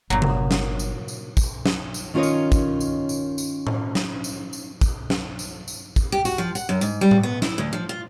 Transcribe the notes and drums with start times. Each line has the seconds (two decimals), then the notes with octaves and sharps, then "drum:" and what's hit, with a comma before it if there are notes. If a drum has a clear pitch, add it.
0.10 G1 A#2 F#3
0.22 drum: tom C3
0.51 drum: snare
0.79 drum: tambourine
1.08 drum: tambourine
1.37 drum: kick, tambourine
1.66 drum: snare
1.94 drum: tambourine
2.14 D#3 C#4 F4 A#4 C#5 D#5
2.23 drum: tambourine
2.52 drum: kick, tambourine
2.80 drum: tambourine
3.09 drum: tambourine
3.38 drum: tambourine
3.67 drum: tom A2
3.95 drum: snare
4.24 drum: tambourine
4.53 drum: tambourine
4.81 drum: kick, tambourine
5.10 drum: snare
5.39 drum: tambourine
5.68 drum: tambourine
5.96 drum: kick, tambourine
6.12 G4
6.25 F#4, drum: tambourine
6.38 F3
6.55 F#5, drum: tambourine
6.69 F#2
6.81 G#2, drum: tambourine
7.01 G3
7.11 drum: tom A2
7.23 B3
7.42 E4, drum: snare
7.58 D2
7.73 F3
7.89 F4